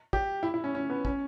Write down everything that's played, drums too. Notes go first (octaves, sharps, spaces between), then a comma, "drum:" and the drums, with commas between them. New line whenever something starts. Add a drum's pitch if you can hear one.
G4, drum: kick
E4
E4
C#4
C#4
B3
C#4, drum: kick